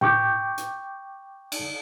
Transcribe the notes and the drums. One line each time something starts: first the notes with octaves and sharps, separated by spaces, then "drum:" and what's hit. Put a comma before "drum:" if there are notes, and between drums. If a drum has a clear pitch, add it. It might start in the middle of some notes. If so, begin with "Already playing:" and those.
G5 C#6 D6 G6, drum: tom A2
drum: hi-hat
drum: cymbal